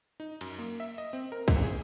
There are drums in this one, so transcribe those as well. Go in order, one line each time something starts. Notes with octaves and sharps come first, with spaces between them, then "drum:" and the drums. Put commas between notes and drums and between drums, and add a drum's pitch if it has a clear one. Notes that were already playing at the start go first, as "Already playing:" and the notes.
D#4
F#2, drum: cymbal
A#3
E5
D#5
C4
A#4
B1, drum: kick, cymbal
G#4